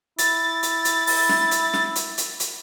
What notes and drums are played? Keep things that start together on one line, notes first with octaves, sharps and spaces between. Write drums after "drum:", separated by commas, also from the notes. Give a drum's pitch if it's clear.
E4 A6, drum: hi-hat
drum: hi-hat
drum: hi-hat
drum: open hi-hat
drum: snare
drum: hi-hat
drum: snare
drum: hi-hat
drum: hi-hat
drum: hi-hat